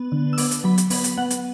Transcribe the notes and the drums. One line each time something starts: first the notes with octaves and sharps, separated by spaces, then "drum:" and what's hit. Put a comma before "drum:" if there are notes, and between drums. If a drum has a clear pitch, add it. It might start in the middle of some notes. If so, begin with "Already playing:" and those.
Already playing: B3
D3
E6
B3 D6, drum: open hi-hat
drum: hi-hat
F#3 B5
drum: hi-hat
B3 B5, drum: open hi-hat
drum: hi-hat
B3 F#5
drum: hi-hat